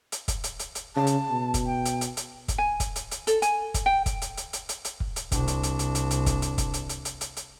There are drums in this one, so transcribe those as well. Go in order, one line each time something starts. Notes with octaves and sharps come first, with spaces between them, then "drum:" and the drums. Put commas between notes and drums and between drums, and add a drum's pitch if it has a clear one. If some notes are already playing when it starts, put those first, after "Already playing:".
drum: hi-hat
drum: kick, hi-hat
drum: hi-hat
drum: hi-hat
drum: hi-hat
C#3 A5
drum: hi-hat
B2
drum: kick, hi-hat
G5
drum: hi-hat
drum: hi-hat
drum: hi-hat
drum: kick, hi-hat
G#5
drum: kick, hi-hat
drum: hi-hat
drum: hi-hat
A4, drum: hi-hat
G#5, drum: hi-hat
drum: kick, hi-hat
G5
drum: kick, hi-hat
drum: hi-hat
drum: hi-hat
drum: hi-hat
drum: hi-hat
drum: hi-hat
drum: kick
drum: hi-hat
C2 D4, drum: kick, hi-hat
drum: hi-hat
drum: hi-hat
drum: hi-hat
drum: hi-hat
drum: hi-hat
drum: kick, hi-hat
drum: hi-hat
drum: kick, hi-hat
drum: hi-hat
drum: hi-hat
drum: hi-hat
drum: hi-hat
drum: hi-hat